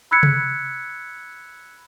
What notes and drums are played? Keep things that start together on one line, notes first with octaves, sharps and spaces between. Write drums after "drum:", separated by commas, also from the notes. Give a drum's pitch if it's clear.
B5 E6 F#6 G#6 B6 C#7
drum: tom C3